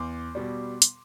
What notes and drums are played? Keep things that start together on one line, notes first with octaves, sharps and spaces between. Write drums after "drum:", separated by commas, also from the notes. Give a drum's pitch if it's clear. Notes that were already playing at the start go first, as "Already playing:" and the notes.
Already playing: E2 C6 D6
B2 G3
drum: hi-hat